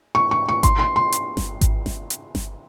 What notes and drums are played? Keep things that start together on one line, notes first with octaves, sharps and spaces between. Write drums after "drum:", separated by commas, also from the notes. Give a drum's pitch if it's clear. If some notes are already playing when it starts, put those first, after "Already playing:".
C#6
C#6
C#6
C6, drum: kick G#1, hi-hat
C6
C6
drum: hi-hat
drum: snare G1
drum: kick G#1, hi-hat
drum: snare G1
drum: hi-hat
drum: snare G1